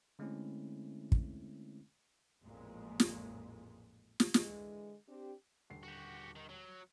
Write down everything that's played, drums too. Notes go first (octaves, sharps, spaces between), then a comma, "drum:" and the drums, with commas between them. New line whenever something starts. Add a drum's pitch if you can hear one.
D3 G#3 A3 C4 C#4 E4
drum: kick
A1 F2 A#2 G#3
drum: snare
drum: snare
D3 E3 G#3, drum: snare
C4 D4 G4
D#1 D3 C7
F#4 G4
D#3
F#3